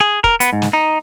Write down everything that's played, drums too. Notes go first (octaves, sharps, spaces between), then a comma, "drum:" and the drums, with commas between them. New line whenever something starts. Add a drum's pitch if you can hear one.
G#4
A#4, drum: kick
B3, drum: hi-hat
G#2
drum: snare
D#4